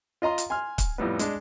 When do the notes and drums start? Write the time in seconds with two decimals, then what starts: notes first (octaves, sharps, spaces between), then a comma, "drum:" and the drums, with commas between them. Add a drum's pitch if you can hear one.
0.22 F4 D#5 A#5 C6
0.38 drum: hi-hat
0.50 G#5 C6 F6
0.78 drum: kick, hi-hat
0.98 F2 A2 G3 B3
1.19 G#3 D4, drum: hi-hat